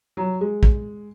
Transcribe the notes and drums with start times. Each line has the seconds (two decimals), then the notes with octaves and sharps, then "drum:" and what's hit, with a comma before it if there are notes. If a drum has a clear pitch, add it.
0.17 F#3
0.41 G#3
0.63 drum: kick